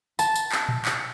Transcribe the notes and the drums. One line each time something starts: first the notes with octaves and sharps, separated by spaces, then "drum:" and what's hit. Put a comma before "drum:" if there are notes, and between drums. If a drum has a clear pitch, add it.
A5, drum: tambourine
drum: tambourine
drum: clap
drum: tom A#2
drum: clap